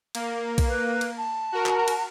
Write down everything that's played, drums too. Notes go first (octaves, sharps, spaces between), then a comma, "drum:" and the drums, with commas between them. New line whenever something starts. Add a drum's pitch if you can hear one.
A#3, drum: cymbal
drum: kick B1, cymbal
B4
drum: cymbal
A5
F#4 A#4
drum: clap
drum: cymbal